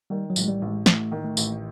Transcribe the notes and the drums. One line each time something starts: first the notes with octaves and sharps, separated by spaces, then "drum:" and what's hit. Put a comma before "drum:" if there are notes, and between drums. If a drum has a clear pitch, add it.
D#3 G3
F#3
A1 G#3, drum: tambourine
G3
A1
G#3
A1 A3, drum: snare
D#3
A3
A1, drum: tambourine